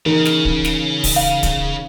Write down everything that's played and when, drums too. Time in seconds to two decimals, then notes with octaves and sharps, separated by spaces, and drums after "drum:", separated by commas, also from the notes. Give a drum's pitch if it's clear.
0.06 C#3 E3 D#4 A#4
0.25 drum: snare
0.45 drum: kick
0.65 drum: snare
1.04 drum: kick, open hi-hat
1.16 F5
1.43 drum: kick, hi-hat